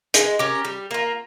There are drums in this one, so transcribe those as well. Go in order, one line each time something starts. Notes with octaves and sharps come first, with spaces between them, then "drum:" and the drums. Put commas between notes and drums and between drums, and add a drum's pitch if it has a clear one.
G#3, drum: hi-hat
C#4 G4 A#4
G3
A#3 F4